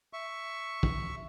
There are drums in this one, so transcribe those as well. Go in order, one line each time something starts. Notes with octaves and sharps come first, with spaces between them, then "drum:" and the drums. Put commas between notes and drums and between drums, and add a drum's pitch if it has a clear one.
E5 C#6
drum: kick